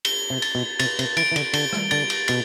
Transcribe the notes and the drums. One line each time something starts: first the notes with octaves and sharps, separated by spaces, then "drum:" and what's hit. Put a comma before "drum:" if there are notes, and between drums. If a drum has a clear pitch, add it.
G7, drum: cymbal
C3
A6, drum: cymbal
B2
C3 A6, drum: cymbal
C3, drum: cymbal
E3 D7, drum: cymbal
E3
D3, drum: cymbal
D3 G7, drum: cymbal
drum: rim click
D3 A6, drum: cymbal
drum: cymbal
B2 A6, drum: cymbal